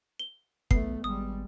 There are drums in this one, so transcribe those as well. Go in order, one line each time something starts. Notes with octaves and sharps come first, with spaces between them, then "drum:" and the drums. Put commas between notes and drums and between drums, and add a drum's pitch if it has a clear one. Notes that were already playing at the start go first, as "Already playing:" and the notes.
G7
B1 E2 A3 B3 C7, drum: kick
G#1 G3 G#3 D#6